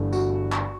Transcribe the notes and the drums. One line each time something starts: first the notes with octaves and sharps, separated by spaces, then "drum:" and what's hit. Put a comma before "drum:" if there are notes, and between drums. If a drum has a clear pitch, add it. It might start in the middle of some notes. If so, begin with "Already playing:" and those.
Already playing: G1 G2 E3 A3
F#4, drum: tambourine
drum: clap